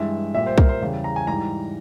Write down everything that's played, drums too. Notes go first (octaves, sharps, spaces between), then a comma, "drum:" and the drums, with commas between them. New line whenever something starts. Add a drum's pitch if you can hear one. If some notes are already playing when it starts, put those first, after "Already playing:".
Already playing: G2 E3 G#3 E5
A#2 G3 E5
C5
A#4, drum: kick
C5
E2 C#3 G3
A#5
G#5
G#2 E3 G3 A#5